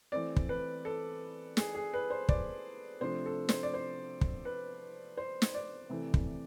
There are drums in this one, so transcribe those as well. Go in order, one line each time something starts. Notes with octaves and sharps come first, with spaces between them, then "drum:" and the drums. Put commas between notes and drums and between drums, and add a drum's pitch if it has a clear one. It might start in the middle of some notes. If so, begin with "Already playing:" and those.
E3 A3 C4 D5
drum: kick
B4
A4
G#4, drum: snare
G#4
B4
C5
D5, drum: kick
C3 F3 A3 D4 C5
A4
C5, drum: snare
D5
C5
drum: kick
B4
C5
drum: snare
D5
C3 E3 A3
drum: kick